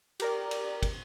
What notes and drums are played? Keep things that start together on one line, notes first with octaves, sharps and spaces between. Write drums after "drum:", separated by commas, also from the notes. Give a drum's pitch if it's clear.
G4 A#4 D5, drum: cymbal
drum: cymbal
drum: kick, cymbal